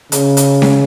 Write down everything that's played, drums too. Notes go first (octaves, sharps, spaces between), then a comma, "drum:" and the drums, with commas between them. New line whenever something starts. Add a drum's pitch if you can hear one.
C#3, drum: hi-hat
drum: hi-hat
drum: snare C#4